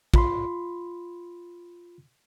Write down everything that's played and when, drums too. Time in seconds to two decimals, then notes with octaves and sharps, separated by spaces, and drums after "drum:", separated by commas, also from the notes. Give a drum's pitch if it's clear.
0.14 F4 B5 C6, drum: kick